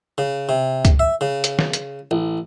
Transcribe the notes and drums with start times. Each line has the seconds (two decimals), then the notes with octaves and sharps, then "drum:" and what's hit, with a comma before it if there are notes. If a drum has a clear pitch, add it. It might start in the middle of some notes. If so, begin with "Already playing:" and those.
0.18 C#3
0.49 C3
0.85 drum: kick, hi-hat
0.99 E5
1.21 C#3
1.44 drum: hi-hat
1.59 drum: snare
1.73 drum: hi-hat
2.11 A1